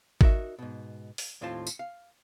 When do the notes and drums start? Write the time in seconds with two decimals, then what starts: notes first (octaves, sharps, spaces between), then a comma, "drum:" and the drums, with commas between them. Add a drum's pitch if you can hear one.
0.21 D#4 F#4 A#4 E5, drum: kick G#1
0.59 G#2 B2
1.18 drum: open hi-hat
1.41 D#2 A2 C4 F4 C5 A5
1.67 drum: tambourine
1.79 F5